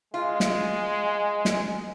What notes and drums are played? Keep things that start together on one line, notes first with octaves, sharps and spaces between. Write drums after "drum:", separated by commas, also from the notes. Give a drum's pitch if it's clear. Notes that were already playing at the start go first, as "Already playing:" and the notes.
G#3 F4
drum: snare
drum: snare